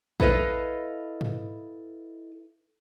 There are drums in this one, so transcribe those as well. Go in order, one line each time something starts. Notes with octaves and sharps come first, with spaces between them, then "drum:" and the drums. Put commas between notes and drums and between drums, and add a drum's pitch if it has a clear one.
E4 A4 B4 D#5 F5, drum: kick
drum: tom G#2